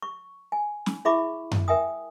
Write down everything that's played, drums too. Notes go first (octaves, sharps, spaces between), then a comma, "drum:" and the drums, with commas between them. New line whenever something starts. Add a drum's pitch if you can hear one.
C#6
G#5
drum: snare
E4 G#4 E5 B5 C#6 D6
drum: tom F#2
A#4 E5 G5 G#5 D#6